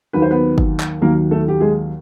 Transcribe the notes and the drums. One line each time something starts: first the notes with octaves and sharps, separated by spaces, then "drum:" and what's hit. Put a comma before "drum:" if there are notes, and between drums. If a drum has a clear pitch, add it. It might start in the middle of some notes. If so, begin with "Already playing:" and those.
D#2 D#3 F#3 B4
C5
B3 B4
drum: kick
drum: clap
D#2 D#3 F#3 A#3 A#4
A3 A4
G4
G#3 G#4